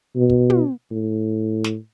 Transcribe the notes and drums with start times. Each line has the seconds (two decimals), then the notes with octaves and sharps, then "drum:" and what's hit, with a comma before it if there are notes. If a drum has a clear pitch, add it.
0.16 B2
0.30 drum: kick
0.50 drum: tom
0.91 A2
1.64 drum: snare